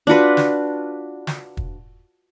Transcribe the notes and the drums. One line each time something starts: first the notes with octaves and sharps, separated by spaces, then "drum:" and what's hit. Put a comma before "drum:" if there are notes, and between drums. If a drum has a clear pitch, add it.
D4 F4 F#4 B4
drum: snare
drum: snare
drum: kick